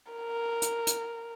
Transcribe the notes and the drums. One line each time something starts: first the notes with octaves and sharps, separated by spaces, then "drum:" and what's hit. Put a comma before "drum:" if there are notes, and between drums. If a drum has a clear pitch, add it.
A#4
drum: hi-hat
drum: hi-hat